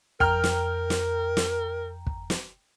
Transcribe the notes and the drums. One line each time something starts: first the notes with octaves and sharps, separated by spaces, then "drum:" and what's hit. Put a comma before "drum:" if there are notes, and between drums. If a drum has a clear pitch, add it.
F2 A#4 G5 A#5 F6, drum: kick
drum: snare
drum: snare
drum: snare
drum: kick
drum: snare